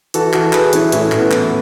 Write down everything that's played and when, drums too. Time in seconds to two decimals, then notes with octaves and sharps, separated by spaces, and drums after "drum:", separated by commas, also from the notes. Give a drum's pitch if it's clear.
0.14 E3 F#4 A4, drum: hi-hat
0.33 E3 F#4 A4, drum: clap
0.53 E3 G#4 B4, drum: clap
0.73 E3 C#4 E4, drum: hi-hat
0.92 A2 C#4 E4, drum: hi-hat
1.12 A2, drum: clap
1.18 B3
1.32 E3, drum: clap
1.44 B3